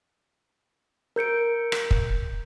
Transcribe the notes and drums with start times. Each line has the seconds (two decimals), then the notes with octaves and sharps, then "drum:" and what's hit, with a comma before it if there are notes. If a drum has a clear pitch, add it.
1.16 A#4 G6 C#7 D7
1.72 drum: rim click
1.91 drum: kick